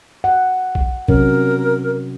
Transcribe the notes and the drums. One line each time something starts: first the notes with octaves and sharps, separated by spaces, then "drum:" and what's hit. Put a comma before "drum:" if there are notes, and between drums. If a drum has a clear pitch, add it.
F#5
drum: kick A#1
C3 F#3 C#4 A#4, drum: kick A#1